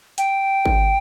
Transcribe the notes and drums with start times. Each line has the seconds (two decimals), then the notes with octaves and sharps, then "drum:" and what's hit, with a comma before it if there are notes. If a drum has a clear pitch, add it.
0.18 G5, drum: hi-hat
0.65 drum: kick G#1